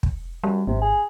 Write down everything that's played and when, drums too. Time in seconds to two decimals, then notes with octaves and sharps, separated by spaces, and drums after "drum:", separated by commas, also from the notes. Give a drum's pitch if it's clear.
0.03 drum: kick
0.44 F#2 G3
0.67 G#1 C3
0.81 G#4